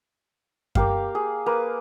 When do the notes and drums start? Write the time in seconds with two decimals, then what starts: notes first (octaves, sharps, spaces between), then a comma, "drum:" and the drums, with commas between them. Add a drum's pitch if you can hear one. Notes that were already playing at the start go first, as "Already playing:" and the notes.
0.75 A#3 G4 F5, drum: kick F#2
1.15 G#4
1.46 A#3 B4